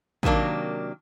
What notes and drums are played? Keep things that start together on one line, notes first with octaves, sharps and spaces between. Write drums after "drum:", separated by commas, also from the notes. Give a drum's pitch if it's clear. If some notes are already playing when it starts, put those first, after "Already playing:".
C3 D#3 F#3 A#3 D4, drum: kick